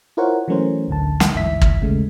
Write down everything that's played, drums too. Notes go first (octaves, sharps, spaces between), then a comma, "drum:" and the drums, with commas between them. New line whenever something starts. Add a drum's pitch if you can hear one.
E4 F4 A#4 C5 C#5 F#5
E3 F#3 A3 C#4 A#4 C5
A1 D2 D3 A5
drum: snare
G1 D2 G#2 E3 E5 B6
drum: kick
A1 D#2 C#3 G#3 A3